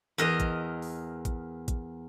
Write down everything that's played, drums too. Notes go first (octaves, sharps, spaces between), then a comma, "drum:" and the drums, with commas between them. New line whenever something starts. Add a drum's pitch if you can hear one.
E2 A#4 D#5
drum: kick A1, hi-hat
drum: open hi-hat
drum: kick A1, hi-hat
drum: kick A1, hi-hat